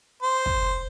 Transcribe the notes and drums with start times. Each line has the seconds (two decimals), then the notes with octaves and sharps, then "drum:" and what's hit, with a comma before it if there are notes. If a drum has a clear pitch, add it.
0.23 C5
0.46 drum: kick